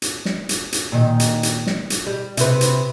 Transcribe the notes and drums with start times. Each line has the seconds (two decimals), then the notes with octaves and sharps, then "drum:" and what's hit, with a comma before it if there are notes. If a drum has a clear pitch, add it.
0.02 drum: hi-hat
0.25 drum: snare
0.49 drum: hi-hat
0.73 drum: hi-hat
0.92 A#2 D#3
1.20 drum: hi-hat
1.43 drum: hi-hat
1.67 drum: snare
1.90 drum: hi-hat
2.07 G3
2.37 C3 B4, drum: hi-hat
2.61 drum: hi-hat